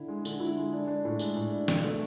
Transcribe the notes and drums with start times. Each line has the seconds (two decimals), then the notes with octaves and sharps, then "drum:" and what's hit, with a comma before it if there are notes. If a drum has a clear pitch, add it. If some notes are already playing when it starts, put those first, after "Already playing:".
Already playing: D3 E4
0.08 G#3
0.25 D3, drum: tambourine
0.40 E4
0.57 G#3
0.73 D4
0.88 D4
1.05 A2
1.19 G#3, drum: tambourine
1.36 A2
1.52 D4
1.68 B2, drum: snare
1.84 A3